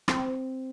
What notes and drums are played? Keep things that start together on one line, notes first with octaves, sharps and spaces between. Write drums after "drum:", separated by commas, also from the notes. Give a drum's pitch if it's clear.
C4, drum: rim click